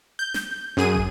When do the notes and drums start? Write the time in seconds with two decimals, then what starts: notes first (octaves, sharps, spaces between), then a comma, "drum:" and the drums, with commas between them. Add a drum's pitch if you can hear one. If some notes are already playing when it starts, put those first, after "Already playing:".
0.19 G6
0.34 drum: snare
0.77 F#2 G#4 D#7
0.95 drum: kick